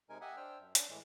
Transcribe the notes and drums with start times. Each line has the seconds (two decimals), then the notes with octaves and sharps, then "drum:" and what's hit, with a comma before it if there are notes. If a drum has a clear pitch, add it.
0.09 C3 G#3 D#4 A#4 G#5
0.21 G4 D#5 E5 F#5 G#5
0.37 D4 C5 G5 E6 F6
0.58 F#2
0.75 C#4 D4, drum: hi-hat
0.90 A2 E3 G#3